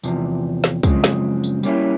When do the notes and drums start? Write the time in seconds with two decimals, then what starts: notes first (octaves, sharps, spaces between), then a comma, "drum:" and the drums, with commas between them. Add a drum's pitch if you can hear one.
0.03 E2 C3 F3, drum: tambourine
0.64 drum: snare
0.83 F#2 C#3 F3 G#3 C4, drum: kick, tambourine
1.04 drum: snare
1.44 drum: tambourine
1.63 G3 A#3 C#4 E4, drum: tambourine